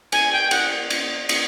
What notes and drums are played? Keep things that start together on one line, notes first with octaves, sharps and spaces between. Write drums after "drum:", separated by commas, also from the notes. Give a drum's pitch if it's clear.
G#5, drum: cymbal
G5
F#5, drum: cymbal
drum: cymbal
drum: cymbal